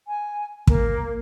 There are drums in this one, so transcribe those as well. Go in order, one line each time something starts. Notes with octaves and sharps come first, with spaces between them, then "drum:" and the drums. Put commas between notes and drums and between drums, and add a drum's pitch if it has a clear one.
G#5
A#3, drum: kick